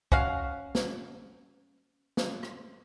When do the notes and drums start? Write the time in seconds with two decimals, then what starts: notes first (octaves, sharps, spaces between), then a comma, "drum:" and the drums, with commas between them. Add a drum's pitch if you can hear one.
0.12 C#4 F#4 F5, drum: kick
0.75 drum: snare
2.17 drum: snare
2.43 drum: rim click